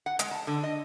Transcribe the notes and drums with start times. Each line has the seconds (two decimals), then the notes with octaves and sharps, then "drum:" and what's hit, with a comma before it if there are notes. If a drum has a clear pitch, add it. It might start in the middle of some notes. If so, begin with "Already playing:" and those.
0.06 F#5
0.19 G#3, drum: hi-hat
0.31 A5
0.47 D3
0.63 D#5